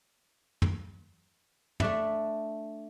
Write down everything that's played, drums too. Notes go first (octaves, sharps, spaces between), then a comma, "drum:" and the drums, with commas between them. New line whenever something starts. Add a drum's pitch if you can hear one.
drum: tom
A3 D4 E5, drum: tom